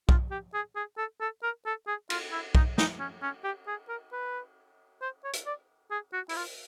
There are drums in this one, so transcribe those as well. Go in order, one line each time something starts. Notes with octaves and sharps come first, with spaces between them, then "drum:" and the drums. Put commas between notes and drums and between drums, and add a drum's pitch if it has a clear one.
F4, drum: kick
G4
G#4
G#4
A4
A4
A#4
A4
G#4
F4, drum: cymbal
E4
D#4, drum: kick
D#4, drum: snare
C#4
C#4
G4
G#4
A#4
B4
C5
C#5
drum: hi-hat
D5
G#4
F#4
E4, drum: open hi-hat
F4